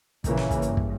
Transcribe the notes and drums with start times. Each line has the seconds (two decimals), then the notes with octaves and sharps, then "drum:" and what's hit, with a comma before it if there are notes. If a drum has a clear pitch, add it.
0.24 A#2 C#3 E3 A#3, drum: kick, hi-hat
0.37 drum: snare
0.51 drum: kick, hi-hat
0.62 G2, drum: hi-hat
0.77 drum: kick